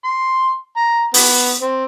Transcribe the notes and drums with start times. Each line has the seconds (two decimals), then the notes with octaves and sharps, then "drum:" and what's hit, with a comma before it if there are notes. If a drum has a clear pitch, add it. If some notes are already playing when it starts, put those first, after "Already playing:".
0.05 C6
0.77 A#5
1.14 B3, drum: open hi-hat
1.61 C4